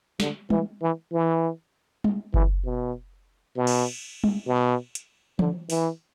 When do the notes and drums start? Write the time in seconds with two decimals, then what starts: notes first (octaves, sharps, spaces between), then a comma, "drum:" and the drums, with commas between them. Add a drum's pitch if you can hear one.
0.20 D3, drum: snare
0.50 E3, drum: tom
0.82 E3
1.12 E3
2.04 drum: tom
2.34 E3, drum: kick F#1
2.65 B2
3.57 B2
3.67 drum: cymbal
4.24 drum: tom
4.47 B2
4.95 drum: hi-hat
5.39 D3, drum: tom E3
5.70 E3, drum: open hi-hat